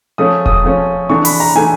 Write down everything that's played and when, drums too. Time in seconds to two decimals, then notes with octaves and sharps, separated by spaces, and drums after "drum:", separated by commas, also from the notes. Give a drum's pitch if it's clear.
0.18 F3 A3 C#4 D#6
0.46 D#6, drum: kick E1
0.64 F3 A3 C#4
1.09 E3 A3 D4 C#6
1.25 B5, drum: open hi-hat
1.40 A#5
1.55 E3 A3 D4 G#5